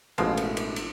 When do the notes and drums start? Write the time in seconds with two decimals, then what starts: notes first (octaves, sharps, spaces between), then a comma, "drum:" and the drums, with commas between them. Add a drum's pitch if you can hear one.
0.18 A1 B2 F3 G#3 F5 A5, drum: cymbal
0.37 drum: cymbal
0.57 drum: cymbal
0.76 drum: cymbal